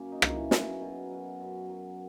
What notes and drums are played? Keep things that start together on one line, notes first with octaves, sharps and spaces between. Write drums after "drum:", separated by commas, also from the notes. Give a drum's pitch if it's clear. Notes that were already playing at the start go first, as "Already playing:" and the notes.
Already playing: F#2 A#3 C#4
D#4
E3, drum: rim click
E4
B2 G#4, drum: snare
B2 A#4
F#3
F#2
F#3